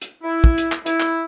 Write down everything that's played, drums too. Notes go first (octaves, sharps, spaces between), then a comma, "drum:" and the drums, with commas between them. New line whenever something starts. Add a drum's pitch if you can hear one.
drum: hi-hat
E4
drum: kick
drum: hi-hat
drum: clap
E4, drum: hi-hat
drum: clap